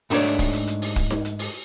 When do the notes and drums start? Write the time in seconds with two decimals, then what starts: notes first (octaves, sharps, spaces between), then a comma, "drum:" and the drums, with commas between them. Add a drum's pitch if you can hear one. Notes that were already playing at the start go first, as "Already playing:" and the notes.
0.10 G#2 A3 D4 B4 C#5 D5, drum: open hi-hat
0.25 drum: hi-hat
0.39 drum: kick, open hi-hat
0.53 drum: hi-hat
0.67 drum: hi-hat
0.82 drum: open hi-hat
0.96 drum: kick, hi-hat
1.10 drum: snare D#4
1.25 drum: hi-hat
1.39 drum: open hi-hat